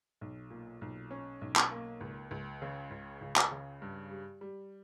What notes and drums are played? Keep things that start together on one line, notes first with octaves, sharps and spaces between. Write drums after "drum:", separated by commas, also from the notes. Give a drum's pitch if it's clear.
B1
A#2
B1
C#4
B1
drum: clap
A#3
C#2
C#2
C#3
C#2
C#2
drum: clap
C#3
G2
G3
G3